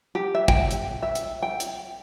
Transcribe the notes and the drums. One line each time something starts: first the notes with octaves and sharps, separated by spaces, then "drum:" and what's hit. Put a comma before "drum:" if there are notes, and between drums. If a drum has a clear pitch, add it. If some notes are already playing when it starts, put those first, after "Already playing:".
G4
E5
G5, drum: kick
drum: hi-hat
E5
drum: hi-hat
G5
drum: hi-hat